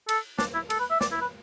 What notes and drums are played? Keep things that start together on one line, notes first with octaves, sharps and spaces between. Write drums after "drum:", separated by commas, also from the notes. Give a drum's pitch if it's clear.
A4, drum: cymbal
D4, drum: snare
E4
A4, drum: cymbal
B4
E5
D5, drum: snare
E4
B4